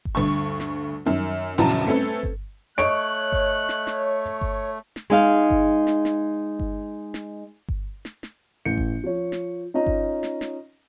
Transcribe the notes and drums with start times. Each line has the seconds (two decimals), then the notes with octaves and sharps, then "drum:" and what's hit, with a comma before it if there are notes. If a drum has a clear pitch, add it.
0.05 drum: kick G1
0.15 D2 G2 C#6
0.60 drum: snare
1.06 F#2 D#3
1.58 A#1 E2 C#3 F#3 A5 A#5
1.69 drum: snare
1.87 A3 C4 C#4 A4 B4
2.23 drum: kick G1
2.78 A3 C#5 D#5 C#6 F#6 D7, drum: snare
3.32 drum: kick G1
3.69 drum: snare
3.87 drum: snare
4.41 drum: kick G1
4.96 drum: snare
5.10 G#3 D#4 F5
5.50 drum: kick G1
5.87 drum: snare
6.05 drum: snare
6.59 drum: kick G1
7.14 drum: snare
7.68 drum: kick G1
8.05 drum: snare
8.23 drum: snare
8.65 A1 G6 C#7
8.78 drum: kick G1
9.04 F3 C#5
9.32 drum: snare
9.74 C#4 D#4 F4 D#5 A#5
9.87 drum: kick G1
10.23 drum: snare
10.41 drum: snare